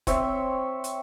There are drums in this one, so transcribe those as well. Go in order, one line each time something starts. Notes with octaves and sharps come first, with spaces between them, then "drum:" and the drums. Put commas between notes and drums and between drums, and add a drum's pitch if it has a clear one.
C4 C#5 E5, drum: kick F1, hi-hat
drum: hi-hat